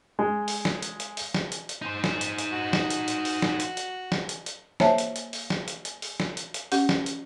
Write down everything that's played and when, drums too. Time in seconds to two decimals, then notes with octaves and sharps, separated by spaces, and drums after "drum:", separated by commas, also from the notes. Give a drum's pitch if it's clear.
0.19 G#3
0.48 drum: open hi-hat
0.65 drum: snare
0.82 drum: hi-hat
1.00 drum: hi-hat
1.17 drum: open hi-hat
1.34 drum: snare
1.52 drum: hi-hat
1.69 drum: hi-hat
1.82 D#4 C5
2.04 drum: snare
2.21 drum: hi-hat
2.38 drum: hi-hat
2.52 F#4
2.73 drum: snare
2.90 drum: hi-hat
3.08 drum: hi-hat
3.25 drum: open hi-hat
3.42 drum: snare
3.60 drum: hi-hat
3.77 drum: hi-hat
4.12 drum: snare
4.29 drum: hi-hat
4.46 drum: hi-hat
4.80 A#3 C5 C#5 E5 G#5 A5, drum: snare
4.98 drum: hi-hat
5.16 drum: hi-hat
5.33 drum: open hi-hat
5.50 drum: snare
5.68 drum: hi-hat
5.85 drum: hi-hat
6.02 drum: open hi-hat
6.20 drum: snare
6.37 drum: hi-hat
6.54 drum: hi-hat
6.72 C#4 G4 F#5, drum: open hi-hat
6.89 drum: snare
7.06 drum: hi-hat